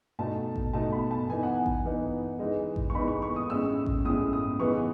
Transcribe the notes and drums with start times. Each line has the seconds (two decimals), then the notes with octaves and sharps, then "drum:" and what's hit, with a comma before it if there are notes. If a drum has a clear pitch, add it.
0.19 B2 A3 D#4 A5
0.56 drum: kick A1
0.73 B2 A3 D#4 A5
0.92 B5
1.11 A5
1.29 E3 B3 D#4 G#5
1.43 F#5
1.55 G#5
1.66 drum: kick A1
1.85 E3 B3 D#4
2.39 E3 G#3 D#4
2.76 drum: kick A1
2.90 C#6
2.95 E3 G#3 D#4 B5
3.08 C#6
3.22 C#6
3.36 D#6
3.50 A2 G#3 C#4 E6
3.86 drum: kick A1
4.04 A2 G#3 C#4 D#6
4.33 D#6
4.60 E3 G#3 B3 D#4 C#6